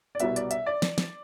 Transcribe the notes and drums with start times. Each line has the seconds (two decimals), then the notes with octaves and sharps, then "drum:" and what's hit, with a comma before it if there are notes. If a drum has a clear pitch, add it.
0.15 D5
0.20 C2 B2 G3 B3 E5, drum: hi-hat
0.36 D5, drum: hi-hat
0.51 E5, drum: hi-hat
0.66 D5
0.82 drum: snare
0.98 drum: snare